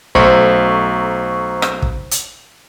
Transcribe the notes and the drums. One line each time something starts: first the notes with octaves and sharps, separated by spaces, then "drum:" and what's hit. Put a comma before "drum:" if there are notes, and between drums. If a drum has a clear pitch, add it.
B1 A3 C5 A#5 C#6 E6, drum: kick
drum: rim click
drum: kick
drum: hi-hat